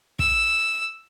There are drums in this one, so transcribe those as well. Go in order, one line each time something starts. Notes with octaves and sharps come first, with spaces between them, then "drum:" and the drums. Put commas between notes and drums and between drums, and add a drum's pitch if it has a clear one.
E6, drum: kick